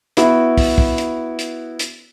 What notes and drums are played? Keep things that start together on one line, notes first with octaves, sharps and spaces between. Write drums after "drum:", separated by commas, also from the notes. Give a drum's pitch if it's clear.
B3 E4 F#4, drum: hi-hat
drum: kick, open hi-hat
drum: kick
drum: hi-hat
drum: hi-hat
drum: hi-hat